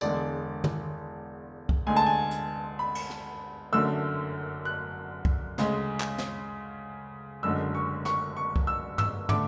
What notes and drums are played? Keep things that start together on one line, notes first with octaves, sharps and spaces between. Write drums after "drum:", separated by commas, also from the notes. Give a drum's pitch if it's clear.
E1 E2 D3 G#3 D5, drum: tambourine
drum: tom
drum: kick C2
D2 D3 G#3 G#5
A5
G#5
drum: hi-hat
B5
drum: cymbal
drum: rim click
F#1 F#2 D3 A3 E6
F#6
drum: kick C2
D2 C#3 G#3, drum: snare
drum: clap
drum: snare
F#1 F#2 D3 G#3 E6
C#6
C#6, drum: snare
C#6
drum: kick C2
E6
E6, drum: tom
D3 A3 D6, drum: tom